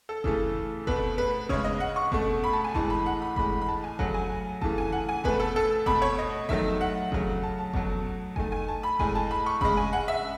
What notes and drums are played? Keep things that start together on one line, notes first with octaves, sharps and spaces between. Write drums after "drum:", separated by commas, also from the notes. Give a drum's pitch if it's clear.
A4
C#3 E3 A3, drum: kick F#1
B2 A3 B4, drum: kick F#1
B4
C#3 G#3 C#5, drum: kick F#1
D#5
F#5
C#6
B2 A3, drum: kick F#1
B5
A5
G#5
A2 E3 G#3 A5, drum: kick F#1
B5
F#5
B5
A2 E3 G#3 B5, drum: kick F#1
B5
A5
G#5
C#3 F#3 A3 F#5, drum: kick F#1
G#5
C#3 E3 A3 A5, drum: kick F#1
G#5
F#5
G#5
B2 A3 B4, drum: kick F#1
A4
A4
B2 A3 B5, drum: kick F#1
C#5
D#5
D#3 F#3 A3 E5, drum: kick F#1
F#5
C#3 F#3 A3, drum: kick F#1
A5
A5
B2 F#3 A3, drum: kick F#1
D#3 A3 G#5, drum: kick F#1
G#5
A5
B5
A2 G#3 G#5, drum: kick F#1
A5
B5
C#6
C#3 G#3 B5, drum: kick F#1
G#5
F#5
E5